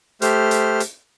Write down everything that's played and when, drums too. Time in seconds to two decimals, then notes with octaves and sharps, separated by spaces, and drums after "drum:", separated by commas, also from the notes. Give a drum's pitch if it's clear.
0.22 A3 G4 C5 F6, drum: hi-hat
0.51 drum: hi-hat
0.80 drum: hi-hat